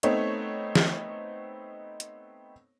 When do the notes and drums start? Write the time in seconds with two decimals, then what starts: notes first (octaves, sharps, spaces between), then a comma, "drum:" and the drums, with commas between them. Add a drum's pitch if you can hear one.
0.03 A3 B3 C4 D#4 C#5, drum: hi-hat
0.75 drum: snare
2.00 drum: hi-hat